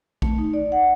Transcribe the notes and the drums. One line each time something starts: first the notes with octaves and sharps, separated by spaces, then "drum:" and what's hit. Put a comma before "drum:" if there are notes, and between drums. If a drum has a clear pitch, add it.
A3, drum: kick
D#4
D5
F#5